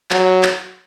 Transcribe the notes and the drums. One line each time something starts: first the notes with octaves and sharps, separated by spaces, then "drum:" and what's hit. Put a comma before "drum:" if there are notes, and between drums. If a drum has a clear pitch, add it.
F#3, drum: clap
drum: clap